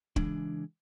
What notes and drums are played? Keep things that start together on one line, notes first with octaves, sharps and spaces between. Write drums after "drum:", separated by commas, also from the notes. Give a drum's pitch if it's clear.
C#3 E3 G#3 D4, drum: kick